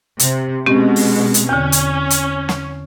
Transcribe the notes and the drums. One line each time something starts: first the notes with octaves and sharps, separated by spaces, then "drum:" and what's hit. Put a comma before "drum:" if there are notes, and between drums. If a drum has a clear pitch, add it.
C3, drum: hi-hat
B2 G#3 C4 C#4 G4
drum: open hi-hat
drum: hi-hat
E2 D3 C#4
drum: hi-hat
drum: hi-hat
drum: snare